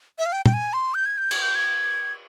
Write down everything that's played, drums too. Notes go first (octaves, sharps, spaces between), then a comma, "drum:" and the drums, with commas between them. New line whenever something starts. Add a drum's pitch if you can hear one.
E5
F5
G5
G5, drum: tom
G#5
C6
G6
G#6
G6
G#6, drum: cymbal
G6
G#6